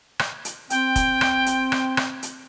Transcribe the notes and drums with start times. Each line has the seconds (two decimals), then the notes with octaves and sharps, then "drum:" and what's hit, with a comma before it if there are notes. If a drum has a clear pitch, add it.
0.19 drum: rim click
0.45 drum: hi-hat
0.70 C4 G5, drum: hi-hat
0.96 drum: kick F1, hi-hat
1.21 drum: rim click
1.46 drum: hi-hat
1.72 drum: rim click
1.97 drum: rim click
2.23 drum: hi-hat